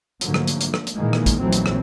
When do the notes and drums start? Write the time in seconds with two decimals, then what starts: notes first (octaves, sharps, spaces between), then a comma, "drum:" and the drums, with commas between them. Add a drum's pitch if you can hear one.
0.21 G#2 D3 F3 F#3 A3 A#3, drum: hi-hat
0.34 drum: rim click
0.47 drum: hi-hat
0.61 drum: hi-hat
0.74 drum: rim click
0.87 drum: hi-hat
0.96 A#2 D#3 E3 G#3 A#3
1.13 drum: rim click
1.26 drum: kick, hi-hat
1.40 A#1 D#2 E3 F#3 A3 C4
1.53 drum: hi-hat
1.66 drum: rim click